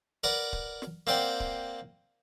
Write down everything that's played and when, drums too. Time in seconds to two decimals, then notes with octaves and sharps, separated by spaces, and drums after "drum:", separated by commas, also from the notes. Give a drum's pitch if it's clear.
0.24 A#4 B4 D5 F#5 A#5
0.53 drum: kick D1
0.82 drum: snare
1.07 A#3 C4 D5 F#5 G5
1.40 drum: kick D1